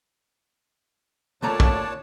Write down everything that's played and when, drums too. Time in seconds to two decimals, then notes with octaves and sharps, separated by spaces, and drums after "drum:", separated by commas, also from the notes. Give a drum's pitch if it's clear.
1.42 D2 A#2 A3 D4 C#5 A5 A#5
1.60 drum: kick